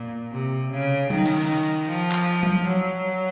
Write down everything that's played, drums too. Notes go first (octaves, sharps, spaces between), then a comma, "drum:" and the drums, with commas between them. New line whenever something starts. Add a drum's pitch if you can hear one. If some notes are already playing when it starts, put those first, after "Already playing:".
Already playing: A#2
C3
C#3
D#3, drum: tom F#3
drum: cymbal
F3
drum: clap
drum: tom F#3
F#3